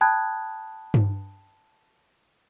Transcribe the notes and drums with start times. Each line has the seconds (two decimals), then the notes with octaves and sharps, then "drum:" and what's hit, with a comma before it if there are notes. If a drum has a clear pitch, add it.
0.01 G5 A5 B5 D#6 F#6 G#6
0.94 drum: tom G2